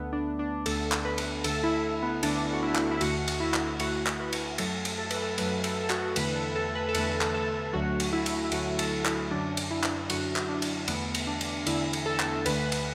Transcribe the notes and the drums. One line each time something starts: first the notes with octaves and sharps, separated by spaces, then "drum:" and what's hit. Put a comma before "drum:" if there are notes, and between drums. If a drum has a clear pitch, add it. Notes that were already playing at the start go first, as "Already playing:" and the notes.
Already playing: D2 D3 A3 B3
D4
D4
D2 D3 A3 A4, drum: cymbal
drum: clap
B4
drum: cymbal
D2 D3 A3 A4, drum: cymbal
E4
B3
D2 D3 A3 D4, drum: cymbal
F#4
E4
drum: clap
E4
D2 D3 A3 F#4, drum: cymbal
drum: cymbal
E4
drum: clap
D2 D3 A3 F#4, drum: cymbal
drum: clap
B4
drum: cymbal
F#2 F#3 A3 A4, drum: cymbal
drum: cymbal
A4
B4, drum: cymbal
A4
F#2 F#3 A3 B4, drum: cymbal
A4, drum: cymbal
A4
F#4, drum: clap
E2 D3 A3 B4, drum: cymbal
A4
A4
B4
A4
E2 D3 A3 B4, drum: cymbal
drum: clap
A4
D2 D3 F#3 A3 F#4
drum: cymbal
E4
drum: cymbal
E4
D2 D3 F#3 A3 F#4, drum: cymbal
A4, drum: cymbal
E4, drum: clap
F#2 D3 F#3 D4
drum: cymbal
E4
drum: clap
F#2 D3 F#3 F#4, drum: cymbal
drum: clap
D4
drum: cymbal
E2 D3 A3 B3, drum: cymbal
drum: cymbal
D4
drum: cymbal
E2 D3 A3 E4, drum: cymbal
drum: cymbal
A4
drum: clap
D2 D3 A3 B4, drum: cymbal
drum: cymbal